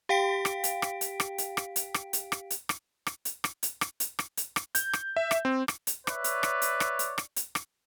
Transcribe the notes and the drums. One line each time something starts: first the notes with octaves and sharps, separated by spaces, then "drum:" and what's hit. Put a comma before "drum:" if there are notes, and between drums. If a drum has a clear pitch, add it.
G4 F5 G5 B6 D7
drum: rim click
drum: hi-hat
drum: rim click
drum: hi-hat
drum: rim click
drum: hi-hat
drum: rim click
drum: hi-hat
drum: rim click
drum: hi-hat
drum: rim click
drum: hi-hat
drum: rim click
drum: rim click
drum: hi-hat
drum: rim click
drum: hi-hat
drum: rim click
drum: hi-hat
drum: rim click
drum: hi-hat
drum: rim click
G6, drum: hi-hat
drum: rim click
E5
drum: rim click
C4
drum: rim click
drum: hi-hat
B4 C#5 D5 E5, drum: rim click
drum: hi-hat
drum: rim click
drum: hi-hat
drum: rim click
drum: hi-hat
drum: rim click
drum: hi-hat
drum: rim click